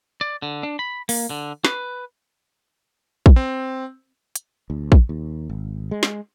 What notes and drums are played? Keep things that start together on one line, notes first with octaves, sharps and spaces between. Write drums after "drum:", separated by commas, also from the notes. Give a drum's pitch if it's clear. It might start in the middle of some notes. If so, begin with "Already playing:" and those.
D5
D3
D4
B5
A#3, drum: open hi-hat
D3
B4, drum: snare
drum: kick
C4
drum: hi-hat
D2
drum: kick
D#2
G#1
G#3
drum: snare